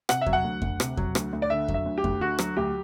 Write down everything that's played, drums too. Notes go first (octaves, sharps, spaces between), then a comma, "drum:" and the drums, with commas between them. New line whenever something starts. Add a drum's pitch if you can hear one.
C3 F#5, drum: rim click
E5
F#3, drum: kick F2
F#5
D2
D2, drum: kick F2
C3, drum: rim click
F#3, drum: kick F2
D2, drum: rim click
D2
D5
D3 E5
F#3, drum: kick F2
E5
D2
G4
D2, drum: kick F2
D3 F#4
F#3, drum: rim click
D2 G4